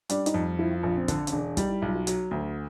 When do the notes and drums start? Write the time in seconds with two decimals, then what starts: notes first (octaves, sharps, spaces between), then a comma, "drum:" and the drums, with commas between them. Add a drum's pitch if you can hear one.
0.09 G3 D4, drum: hi-hat
0.26 D#4, drum: hi-hat
0.34 F2
0.59 F3 E4
0.71 F4
0.83 A#1 F4
0.96 C4
1.08 D3, drum: kick, hi-hat
1.27 C#4, drum: hi-hat
1.32 E1 D4
1.57 G3 D#4, drum: kick, hi-hat
1.70 E4
1.82 B1 F4
1.95 F#4
2.07 F#3, drum: hi-hat
2.31 D2